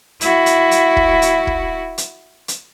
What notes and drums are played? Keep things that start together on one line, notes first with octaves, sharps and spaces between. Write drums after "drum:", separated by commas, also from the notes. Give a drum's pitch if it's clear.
E4 F#4, drum: hi-hat
drum: hi-hat
drum: hi-hat
drum: kick
drum: hi-hat
drum: kick
drum: hi-hat
drum: hi-hat